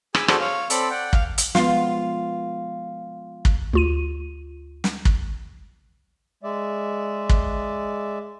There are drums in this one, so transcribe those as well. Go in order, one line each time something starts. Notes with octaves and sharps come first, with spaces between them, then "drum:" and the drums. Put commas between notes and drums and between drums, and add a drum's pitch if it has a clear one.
G#4 G#5 B5 D6 E6, drum: rim click
F#4 G#4 A4 C5 D5, drum: rim click
C#5 F5
C4 A4 D5 B5, drum: hi-hat
D5 F#5 G5
F5, drum: kick
drum: hi-hat
F3 G#3 B3 F4, drum: snare
drum: kick
D2 F4 D#7
drum: snare
drum: kick
G#3 D5 E5
drum: kick